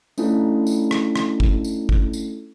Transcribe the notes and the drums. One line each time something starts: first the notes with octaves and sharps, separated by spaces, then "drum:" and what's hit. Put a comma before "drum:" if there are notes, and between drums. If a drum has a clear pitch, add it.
A3 C#4 D4 E4 F4 A4, drum: tambourine
drum: tambourine
drum: rim click
drum: rim click
drum: kick
drum: tambourine
drum: kick
drum: tambourine